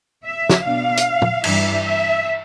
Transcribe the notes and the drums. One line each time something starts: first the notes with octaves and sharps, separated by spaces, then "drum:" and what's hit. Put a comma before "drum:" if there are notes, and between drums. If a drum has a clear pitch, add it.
E5
drum: snare
B2 B3 D4 F5
drum: hi-hat
drum: tom
G2 E3 G3 D4 E5, drum: cymbal
E5